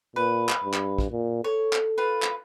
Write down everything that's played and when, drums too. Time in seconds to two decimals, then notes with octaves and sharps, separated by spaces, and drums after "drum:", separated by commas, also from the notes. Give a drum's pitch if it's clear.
0.16 A#2 B4
0.49 drum: clap
0.64 G2
0.74 drum: clap
0.98 drum: kick
1.11 A#2
1.44 A4 C#5
1.73 drum: clap
1.98 F4 B4
2.22 drum: clap